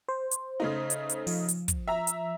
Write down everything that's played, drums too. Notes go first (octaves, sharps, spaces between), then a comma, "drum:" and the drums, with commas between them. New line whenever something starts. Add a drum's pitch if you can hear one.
C5
drum: hi-hat
C#3 A3 D#4
drum: hi-hat
drum: hi-hat
F3, drum: open hi-hat
drum: hi-hat
drum: kick, hi-hat
E5 A#5
drum: hi-hat